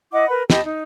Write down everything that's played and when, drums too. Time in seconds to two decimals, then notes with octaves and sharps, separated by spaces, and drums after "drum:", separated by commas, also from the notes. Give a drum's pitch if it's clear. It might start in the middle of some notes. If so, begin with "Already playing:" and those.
0.12 E4 D#5 F#5 D6
0.28 A#4 B4 B5
0.50 G4 D#5 A5 B5, drum: snare
0.64 D#4